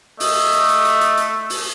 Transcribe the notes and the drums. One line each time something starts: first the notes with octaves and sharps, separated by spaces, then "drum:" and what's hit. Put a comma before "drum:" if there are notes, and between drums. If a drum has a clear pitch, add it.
A3 D#5, drum: open hi-hat
drum: hi-hat
drum: hi-hat
drum: hi-hat
drum: hi-hat
drum: hi-hat
drum: open hi-hat